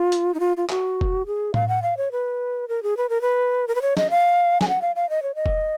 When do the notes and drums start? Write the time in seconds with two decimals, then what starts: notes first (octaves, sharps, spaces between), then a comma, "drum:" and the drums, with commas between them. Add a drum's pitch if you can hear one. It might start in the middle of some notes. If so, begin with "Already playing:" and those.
Already playing: F4
0.12 drum: hi-hat
0.34 D#4
0.40 F4
0.57 F4
0.70 F#4, drum: clap
1.01 drum: kick F1
1.26 G#4
1.54 F5, drum: tom A2
1.68 F#5
1.82 F5
1.97 C#5
2.12 B4
2.68 A#4
2.83 G#4
2.97 B4
3.09 A#4
3.21 B4
3.68 A#4
3.75 B4
3.82 C#5
3.97 D#5, drum: snare
4.10 F5
4.61 G#5, drum: snare
4.68 F#5
4.82 F5
4.96 F5
5.09 D#5
5.23 C#5
5.35 D#5
5.46 drum: kick F1